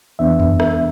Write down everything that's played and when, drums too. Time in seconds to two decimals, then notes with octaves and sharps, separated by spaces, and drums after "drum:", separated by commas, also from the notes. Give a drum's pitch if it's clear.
0.19 E2 E3 B3 D4 E5
0.40 drum: tom F2
0.60 E5, drum: rim click